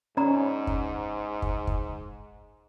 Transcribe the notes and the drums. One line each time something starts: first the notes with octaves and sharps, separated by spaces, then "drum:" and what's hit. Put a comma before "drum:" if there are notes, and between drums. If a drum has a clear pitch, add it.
G#2 C#4 D5 A#5
drum: kick
drum: kick
drum: kick